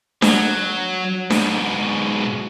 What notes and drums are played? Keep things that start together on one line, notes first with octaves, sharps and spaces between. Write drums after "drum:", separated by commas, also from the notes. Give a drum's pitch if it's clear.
F#3, drum: snare D4
G#2 B2, drum: snare D4